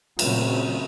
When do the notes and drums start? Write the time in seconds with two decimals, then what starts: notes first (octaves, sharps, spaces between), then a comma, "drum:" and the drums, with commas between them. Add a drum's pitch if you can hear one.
0.19 A#2 C#3 F#3 A3 C4, drum: cymbal